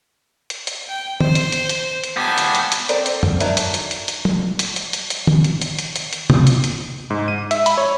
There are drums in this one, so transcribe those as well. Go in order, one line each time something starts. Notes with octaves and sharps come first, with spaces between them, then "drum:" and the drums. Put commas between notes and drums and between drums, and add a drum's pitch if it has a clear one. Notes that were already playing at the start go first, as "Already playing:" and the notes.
drum: hi-hat
drum: hi-hat
G5
C5, drum: tom
drum: hi-hat
drum: hi-hat
drum: hi-hat
drum: hi-hat
B3 G4 G#5 A5
drum: hi-hat
drum: hi-hat
drum: hi-hat
C4 A4 A#4 C5 D5, drum: hi-hat
drum: hi-hat
drum: tom F#2
F#3 D4 D#4 A#4 E5, drum: hi-hat
drum: hi-hat
drum: hi-hat
drum: hi-hat
drum: hi-hat
drum: tom
drum: hi-hat
drum: hi-hat
drum: hi-hat
drum: hi-hat
drum: tom
drum: hi-hat
drum: hi-hat
drum: hi-hat
drum: hi-hat
drum: hi-hat
drum: tom
drum: hi-hat
drum: hi-hat
G#2
D#7
E5, drum: hi-hat
B5, drum: hi-hat
C#5